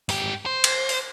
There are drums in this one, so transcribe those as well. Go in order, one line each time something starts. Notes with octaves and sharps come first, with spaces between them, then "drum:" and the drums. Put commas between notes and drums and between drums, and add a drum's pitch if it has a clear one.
G#2 G4, drum: open hi-hat
C5
drum: cymbal
drum: open hi-hat